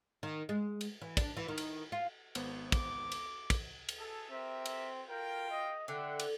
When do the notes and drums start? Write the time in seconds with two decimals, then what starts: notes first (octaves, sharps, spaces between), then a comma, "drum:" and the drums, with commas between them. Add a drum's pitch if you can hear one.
0.23 D#3
0.49 G#3
0.81 drum: cymbal
1.02 E3
1.17 D4, drum: kick, cymbal
1.37 E3
1.48 D#3
1.58 drum: cymbal
1.92 F4
2.35 G#1 B3 C5, drum: cymbal
2.72 D6, drum: kick, cymbal
3.12 drum: cymbal
3.50 drum: kick, cymbal
3.89 drum: cymbal
3.99 G#4 A4
4.30 C4 G4 A#4 E5
4.66 drum: cymbal
5.09 F4 A#4 F5 G5
5.50 D#5
5.88 D3 E5 F#5 G5
6.20 drum: cymbal